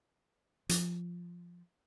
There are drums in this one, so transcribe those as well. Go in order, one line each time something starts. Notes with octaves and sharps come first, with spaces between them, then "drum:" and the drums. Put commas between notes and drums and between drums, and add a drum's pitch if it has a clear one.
F3, drum: hi-hat